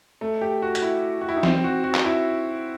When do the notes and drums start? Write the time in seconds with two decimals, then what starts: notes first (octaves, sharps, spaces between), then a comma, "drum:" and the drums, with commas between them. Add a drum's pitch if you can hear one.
0.21 A3
0.41 G4
0.62 F#4
0.75 F#4, drum: hi-hat
0.82 E4
1.21 F#4
1.29 E4
1.36 D#4
1.43 C4, drum: snare
1.64 F#4
1.84 F#4
1.95 drum: clap
2.05 E4